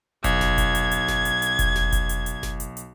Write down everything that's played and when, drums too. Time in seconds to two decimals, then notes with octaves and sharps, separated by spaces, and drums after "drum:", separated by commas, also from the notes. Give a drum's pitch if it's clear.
0.24 B1 G#6, drum: kick F1, hi-hat
0.41 drum: snare F#1
0.58 drum: kick F1, hi-hat
0.75 drum: hi-hat
0.91 drum: hi-hat
1.08 drum: snare F#1
1.25 drum: hi-hat
1.42 drum: hi-hat
1.59 drum: kick F1, hi-hat
1.76 drum: snare F#1
1.92 drum: kick F1, hi-hat
2.09 drum: hi-hat
2.26 drum: hi-hat
2.43 drum: snare F#1
2.60 drum: hi-hat
2.77 drum: hi-hat